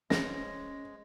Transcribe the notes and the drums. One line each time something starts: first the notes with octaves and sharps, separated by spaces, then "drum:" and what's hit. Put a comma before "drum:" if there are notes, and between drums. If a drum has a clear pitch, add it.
G#3 C#4 C5 C#5 A#6, drum: snare